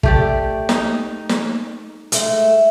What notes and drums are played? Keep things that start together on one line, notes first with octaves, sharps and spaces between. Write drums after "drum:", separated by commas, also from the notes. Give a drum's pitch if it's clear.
A3 G4 D5, drum: kick
D#4, drum: snare
drum: snare
G#3 A3, drum: hi-hat